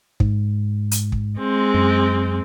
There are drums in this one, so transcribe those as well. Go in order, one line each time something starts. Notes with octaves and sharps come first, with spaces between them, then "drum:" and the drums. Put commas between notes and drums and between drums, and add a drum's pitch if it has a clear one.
G#2, drum: kick
drum: hi-hat
drum: kick
G#3 C4
F#2